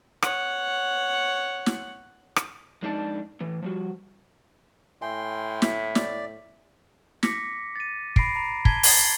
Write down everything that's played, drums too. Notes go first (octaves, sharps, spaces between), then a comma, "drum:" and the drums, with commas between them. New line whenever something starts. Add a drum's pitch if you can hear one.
C#5 F#5, drum: rim click
drum: snare
drum: rim click
F2 G#3 D4 D#4 D5 A5
A2 E3
F3 G3 F#4
A2 E5 G5 G#5 C6
E5 G6 B6, drum: snare
D5, drum: snare
D6 A#6 B6 C#7, drum: snare
A6 D#7
B5 A#6 C7 D7, drum: kick
A#5 B5
A5 A#5 G#6 B6 G7, drum: kick
A6 C7 G7, drum: open hi-hat